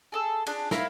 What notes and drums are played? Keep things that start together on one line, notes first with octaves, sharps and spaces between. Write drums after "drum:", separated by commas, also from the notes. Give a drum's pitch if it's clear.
G#4 A4 E6
D4 G#4, drum: cymbal
E4 A#4 F5 B5, drum: snare